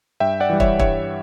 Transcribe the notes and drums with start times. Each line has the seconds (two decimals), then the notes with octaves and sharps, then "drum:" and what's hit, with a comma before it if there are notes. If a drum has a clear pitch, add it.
0.20 G2 E5 G5
0.40 D5 F#5
0.50 E3 G3
0.60 C#5 E5, drum: kick
0.79 G2 C#5 E5, drum: kick